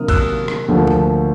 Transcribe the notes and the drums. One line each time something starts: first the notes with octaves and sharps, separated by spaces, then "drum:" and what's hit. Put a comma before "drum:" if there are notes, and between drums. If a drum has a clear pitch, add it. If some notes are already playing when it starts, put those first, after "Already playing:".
Already playing: C3 D#3 F#3 A#3 D4 D#6 F6
E6 F#6, drum: kick, cymbal
drum: rim click
D2 D3 F3 A#3
drum: tom D3